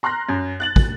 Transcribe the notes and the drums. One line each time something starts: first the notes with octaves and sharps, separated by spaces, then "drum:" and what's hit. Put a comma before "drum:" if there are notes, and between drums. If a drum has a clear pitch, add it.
A#5 C6 F6 F#6 A#6
F#2
F#6 A6 F#7
drum: kick